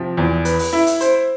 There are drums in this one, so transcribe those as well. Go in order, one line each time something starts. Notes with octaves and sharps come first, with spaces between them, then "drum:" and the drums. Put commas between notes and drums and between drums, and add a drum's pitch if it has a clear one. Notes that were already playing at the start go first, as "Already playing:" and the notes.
Already playing: C3 F3
E2
B4, drum: hi-hat
drum: open hi-hat
E4
drum: hi-hat
C5, drum: hi-hat